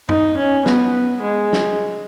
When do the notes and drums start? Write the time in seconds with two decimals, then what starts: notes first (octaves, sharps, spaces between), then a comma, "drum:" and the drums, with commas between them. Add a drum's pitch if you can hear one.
0.09 D#4, drum: tom
0.37 C#4
0.66 B3, drum: snare
1.22 G#3
1.53 drum: snare